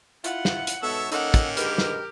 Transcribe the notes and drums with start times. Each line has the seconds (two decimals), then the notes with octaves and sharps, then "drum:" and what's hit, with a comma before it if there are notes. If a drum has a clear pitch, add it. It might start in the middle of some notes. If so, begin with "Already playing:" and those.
0.24 E4 F4 F#5, drum: hi-hat
0.45 drum: snare
0.67 drum: hi-hat
0.83 G#2 B2 B3 A4 C#5 E5 A5
1.12 D#3 A#3 C#4 D#4 A4 F#5, drum: hi-hat
1.34 drum: kick, hi-hat
1.57 D3 G#3 G4 A#4 B4, drum: hi-hat
1.78 drum: snare